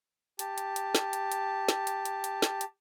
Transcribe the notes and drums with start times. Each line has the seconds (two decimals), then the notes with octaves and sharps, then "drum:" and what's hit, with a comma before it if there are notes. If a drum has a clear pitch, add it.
0.39 G4 A5, drum: hi-hat
0.58 drum: hi-hat
0.76 drum: hi-hat
0.95 drum: snare
1.13 drum: hi-hat
1.32 drum: hi-hat
1.69 drum: snare
1.87 drum: hi-hat
2.05 drum: hi-hat
2.24 drum: hi-hat
2.42 drum: snare
2.61 drum: hi-hat